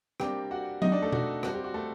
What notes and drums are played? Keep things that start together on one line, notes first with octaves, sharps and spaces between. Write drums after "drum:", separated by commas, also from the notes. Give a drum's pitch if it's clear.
C3 G3 A#3 D4 G4 G5, drum: rim click
F#4 F#5
D#4 D#5, drum: tom F#3
D4 D5
A3 A4
F#4, drum: tom B2
C3 G3 C4 F#4, drum: rim click
G4
F#4
A3 A4